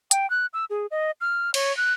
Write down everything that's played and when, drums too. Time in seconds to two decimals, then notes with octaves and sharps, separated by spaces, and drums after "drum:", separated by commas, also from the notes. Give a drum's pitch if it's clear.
0.11 G5, drum: hi-hat
0.30 F#6
0.53 E6
0.70 G#4
0.91 D#5
1.21 F6
1.54 C#5, drum: cymbal
1.77 F#6